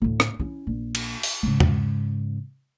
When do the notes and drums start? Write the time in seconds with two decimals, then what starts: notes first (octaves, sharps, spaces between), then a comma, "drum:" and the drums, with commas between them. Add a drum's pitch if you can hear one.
0.02 D2 A2
0.20 drum: rim click
0.40 C#4 E4
0.67 A#1
0.95 drum: cymbal
1.23 drum: open hi-hat
1.43 G#2 C#3
1.60 drum: tom E2